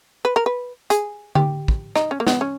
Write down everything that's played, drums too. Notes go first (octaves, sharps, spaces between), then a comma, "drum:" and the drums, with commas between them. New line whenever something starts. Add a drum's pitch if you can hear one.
B4
A#4
B4
G#4, drum: hi-hat
G4, drum: tom D3
drum: kick
D#4, drum: rim click
C#4
A#3
B3, drum: snare
C#4